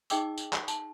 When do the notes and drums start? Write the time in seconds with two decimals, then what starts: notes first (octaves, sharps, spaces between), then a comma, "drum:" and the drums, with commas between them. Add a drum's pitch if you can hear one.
0.10 D#4 G#4 D#5 G5 D6 E6, drum: tambourine
0.38 drum: tambourine
0.53 drum: clap
0.68 A5, drum: tambourine